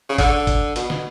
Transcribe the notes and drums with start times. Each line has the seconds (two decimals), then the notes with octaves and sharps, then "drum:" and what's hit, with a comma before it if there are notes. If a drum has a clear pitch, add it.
0.09 C#3
0.18 D3, drum: kick G1, hi-hat
0.47 drum: kick G1, hi-hat
0.76 B2, drum: hi-hat
0.90 drum: snare